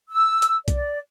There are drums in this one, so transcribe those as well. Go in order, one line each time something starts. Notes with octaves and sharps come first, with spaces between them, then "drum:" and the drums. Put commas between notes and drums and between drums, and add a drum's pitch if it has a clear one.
E6
drum: hi-hat
D5, drum: kick B1, hi-hat